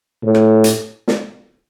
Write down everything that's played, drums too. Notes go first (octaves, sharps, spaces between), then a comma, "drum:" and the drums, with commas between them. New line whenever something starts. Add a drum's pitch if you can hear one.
A2
drum: rim click
drum: hi-hat
drum: snare